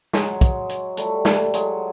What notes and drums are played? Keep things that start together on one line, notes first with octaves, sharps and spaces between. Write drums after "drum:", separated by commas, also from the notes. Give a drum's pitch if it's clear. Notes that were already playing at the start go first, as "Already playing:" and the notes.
F#3 G#3, drum: snare
drum: kick, hi-hat
drum: hi-hat
G3 A3, drum: hi-hat
G3 A3, drum: snare
F#3 G#3, drum: hi-hat